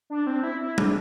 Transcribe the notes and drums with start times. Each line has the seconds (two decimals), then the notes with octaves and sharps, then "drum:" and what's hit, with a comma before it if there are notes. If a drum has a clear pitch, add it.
0.10 D4
0.27 C4
0.43 E4
0.61 E4
0.78 D4, drum: tom